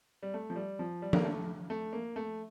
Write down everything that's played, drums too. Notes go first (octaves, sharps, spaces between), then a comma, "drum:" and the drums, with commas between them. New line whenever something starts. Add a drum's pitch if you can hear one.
G3
A3
F3
G3
F3
G3
A#3, drum: tom F3
A3
A3
A#3
A3